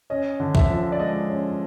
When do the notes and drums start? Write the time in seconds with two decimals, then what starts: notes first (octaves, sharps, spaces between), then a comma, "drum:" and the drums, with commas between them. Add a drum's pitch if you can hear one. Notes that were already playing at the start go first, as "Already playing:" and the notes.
0.10 C#4 D#5
0.40 D3
0.55 E5, drum: kick
0.70 F3
0.92 D5
0.99 G#3 D#5
1.29 C#4